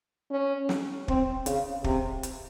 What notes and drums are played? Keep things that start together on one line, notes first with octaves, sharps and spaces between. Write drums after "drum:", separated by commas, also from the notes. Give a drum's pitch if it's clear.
C#4
drum: snare
C4, drum: kick
C#3, drum: hi-hat
C3, drum: kick
drum: hi-hat